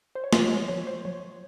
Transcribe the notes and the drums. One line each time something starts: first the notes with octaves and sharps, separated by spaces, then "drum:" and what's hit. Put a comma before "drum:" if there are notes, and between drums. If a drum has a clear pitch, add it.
C5
C#5
F3 D#5, drum: snare
C#5
F3 C#5
C5
F#3 C#5